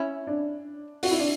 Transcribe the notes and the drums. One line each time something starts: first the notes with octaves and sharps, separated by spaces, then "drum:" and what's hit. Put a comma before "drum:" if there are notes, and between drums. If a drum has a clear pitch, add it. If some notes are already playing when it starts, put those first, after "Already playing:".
Already playing: C#4 E4
D4
F#4, drum: open hi-hat
E4
D4